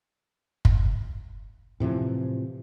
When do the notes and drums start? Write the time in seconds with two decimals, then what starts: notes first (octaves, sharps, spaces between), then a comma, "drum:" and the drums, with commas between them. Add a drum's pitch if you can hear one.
0.65 drum: kick
1.80 A2 C3 E3 F3